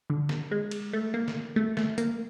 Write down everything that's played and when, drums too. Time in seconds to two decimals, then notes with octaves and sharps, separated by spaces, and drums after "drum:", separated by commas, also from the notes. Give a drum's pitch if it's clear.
0.10 D3
0.29 drum: snare
0.51 G#3
0.71 drum: cymbal
0.93 A3
1.14 A#3
1.28 drum: snare
1.56 A3
1.77 A3, drum: snare
1.98 A#3, drum: hi-hat